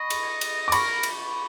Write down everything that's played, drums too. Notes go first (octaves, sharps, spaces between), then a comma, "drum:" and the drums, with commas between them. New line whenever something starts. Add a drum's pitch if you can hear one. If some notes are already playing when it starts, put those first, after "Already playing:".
Already playing: D#5 B5 C#6
drum: cymbal
drum: cymbal
D6
A#4 B5 C#6, drum: cymbal
drum: cymbal